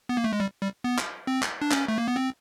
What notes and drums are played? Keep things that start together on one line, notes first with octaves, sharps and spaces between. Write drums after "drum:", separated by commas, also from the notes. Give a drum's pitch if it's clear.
B3
A#3
A3
G#3
G3
G3
B3
drum: clap
C4
drum: clap
D4
C#4, drum: clap
A3
A#3
B3
C4